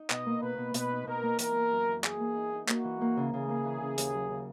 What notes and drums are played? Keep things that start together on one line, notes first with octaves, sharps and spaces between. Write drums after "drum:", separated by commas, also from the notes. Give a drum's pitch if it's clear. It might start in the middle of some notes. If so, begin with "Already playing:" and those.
Already playing: D#4
B2 D#5, drum: clap
A#3
B2 B4
B2
B2 B4, drum: hi-hat
D#4
B2 A#4
A#3
E3 A#4, drum: hi-hat
A#3
F#2
E3
E3 G#4, drum: clap
A#3
D#4
D#4
A#3 F#4, drum: clap
E3
A#3
C#3
C#3 G#4
A#3
E3
C#3
D#2, drum: hi-hat
F#3
C#3